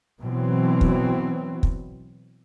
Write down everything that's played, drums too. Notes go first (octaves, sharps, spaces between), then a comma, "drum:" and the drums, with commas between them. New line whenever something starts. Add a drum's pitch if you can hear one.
B2 E3 F#3 C4
drum: kick
drum: kick